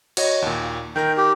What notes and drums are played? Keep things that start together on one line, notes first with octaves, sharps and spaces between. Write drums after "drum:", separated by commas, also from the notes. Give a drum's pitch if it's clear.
F#4 C#5 D#5, drum: cymbal
D#2 A#2
D#3 A#4 G5 A#6
G4